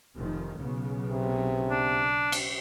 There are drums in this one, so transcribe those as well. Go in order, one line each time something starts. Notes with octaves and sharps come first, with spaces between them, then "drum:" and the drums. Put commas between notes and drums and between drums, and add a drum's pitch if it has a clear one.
F1 D#3 F3
B1 C#3 B3
C3
D4
drum: cymbal